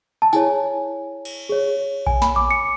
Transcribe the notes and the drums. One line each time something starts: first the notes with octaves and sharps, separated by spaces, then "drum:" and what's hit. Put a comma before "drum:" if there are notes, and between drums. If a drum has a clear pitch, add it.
A5
E4 G#4 C#5 G#5, drum: tambourine
drum: cymbal
G#4 C#5
G#5, drum: kick A#1
B5, drum: snare
D6
C#7